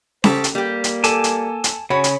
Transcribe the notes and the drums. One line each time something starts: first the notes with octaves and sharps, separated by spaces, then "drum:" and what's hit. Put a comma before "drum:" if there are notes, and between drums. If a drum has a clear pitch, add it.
C#3 G4 A4 C5, drum: snare C#4
drum: hi-hat
G3 A#3 G4
drum: hi-hat
A4 G#5 A5 D6, drum: hi-hat
drum: hi-hat
drum: hi-hat
C#3 C#4 F#4 C#5 B5
drum: hi-hat